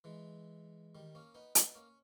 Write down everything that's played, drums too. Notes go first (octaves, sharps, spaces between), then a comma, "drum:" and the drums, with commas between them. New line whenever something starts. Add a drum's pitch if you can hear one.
E3 G#3
D#3 G3
A#3 C#4
B3 D#4
B3 D#4, drum: hi-hat
A#3 C#4